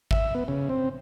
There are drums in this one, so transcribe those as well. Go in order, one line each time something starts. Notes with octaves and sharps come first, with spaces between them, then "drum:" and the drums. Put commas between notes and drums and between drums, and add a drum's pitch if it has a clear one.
E5, drum: kick
B3
C#3
C4